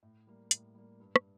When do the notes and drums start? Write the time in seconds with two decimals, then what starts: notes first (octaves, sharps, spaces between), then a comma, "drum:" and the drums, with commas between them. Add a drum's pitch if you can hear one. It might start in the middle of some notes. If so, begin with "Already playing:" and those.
0.03 A2
0.27 G3 A#3
0.51 A2, drum: hi-hat
0.75 G3 A#3
1.00 G2
1.16 drum: rim click